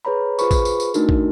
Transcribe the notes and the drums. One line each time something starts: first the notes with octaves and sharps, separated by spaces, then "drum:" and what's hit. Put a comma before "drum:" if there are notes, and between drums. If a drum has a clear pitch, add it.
G#4 B4 C#5 A#5 B5
F4 G#4 B4 C5 B5 C#6, drum: tambourine
drum: kick, tambourine
drum: tambourine
drum: tambourine
A3 D4 D#4 F#4 A#4, drum: tambourine
drum: kick